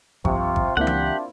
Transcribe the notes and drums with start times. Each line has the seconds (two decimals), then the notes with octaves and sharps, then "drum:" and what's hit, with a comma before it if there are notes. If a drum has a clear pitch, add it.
0.25 C2 G2 C3 F3 F4 C#6, drum: kick G#1
0.56 drum: kick G#1
0.77 C#2 A#3 C4 D4 E4 F4 G4 F#5
0.87 drum: tom E3